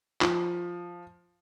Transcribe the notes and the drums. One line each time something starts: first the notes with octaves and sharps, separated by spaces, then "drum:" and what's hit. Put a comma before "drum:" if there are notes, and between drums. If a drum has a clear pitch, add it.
F3, drum: clap